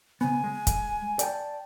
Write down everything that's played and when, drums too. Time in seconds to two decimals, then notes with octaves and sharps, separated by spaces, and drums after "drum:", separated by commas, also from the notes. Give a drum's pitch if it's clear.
0.21 C#3 B3 G#5
0.44 G#3
0.67 drum: kick, hi-hat
1.19 D5 G5 A5, drum: hi-hat